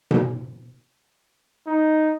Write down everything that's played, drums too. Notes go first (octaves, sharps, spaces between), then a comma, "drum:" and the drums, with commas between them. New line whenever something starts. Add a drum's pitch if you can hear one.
drum: tom B2
D#4